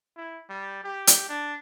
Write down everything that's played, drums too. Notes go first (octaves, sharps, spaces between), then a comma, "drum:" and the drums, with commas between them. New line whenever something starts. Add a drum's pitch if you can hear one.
E4
G3
G4
drum: hi-hat
D4